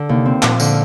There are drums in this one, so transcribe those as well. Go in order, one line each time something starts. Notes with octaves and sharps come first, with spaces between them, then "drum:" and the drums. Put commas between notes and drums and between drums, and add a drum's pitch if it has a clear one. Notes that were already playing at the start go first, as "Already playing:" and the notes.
Already playing: D3
D#2 C3
C4
A#2 F3, drum: clap
D3, drum: tambourine